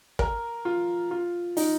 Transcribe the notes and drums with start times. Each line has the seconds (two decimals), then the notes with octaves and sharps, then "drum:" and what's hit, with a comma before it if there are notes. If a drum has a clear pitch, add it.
0.19 A#4, drum: kick
0.65 F4
1.11 F4
1.57 D#4, drum: open hi-hat